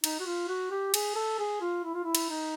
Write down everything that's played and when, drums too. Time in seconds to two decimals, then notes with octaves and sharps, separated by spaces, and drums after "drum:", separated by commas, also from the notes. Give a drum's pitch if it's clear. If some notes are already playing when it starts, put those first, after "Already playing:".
0.04 D#4, drum: cymbal
0.20 F#4
0.26 F4
0.48 F#4
0.71 G4
0.94 G#4, drum: cymbal
1.16 A4
1.39 G#4
1.61 F4
1.84 E4
1.94 F4
2.04 E4
2.15 drum: cymbal
2.29 D#4